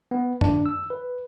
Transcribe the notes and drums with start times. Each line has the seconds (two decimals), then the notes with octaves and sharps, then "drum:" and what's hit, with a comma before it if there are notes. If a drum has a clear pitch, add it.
0.11 B3
0.41 D4, drum: tom F#2
0.66 E6
0.90 B4